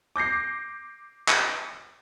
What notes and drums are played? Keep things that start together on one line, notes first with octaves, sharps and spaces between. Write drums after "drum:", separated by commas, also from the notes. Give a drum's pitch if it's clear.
D6 G6 A#6 C7
drum: clap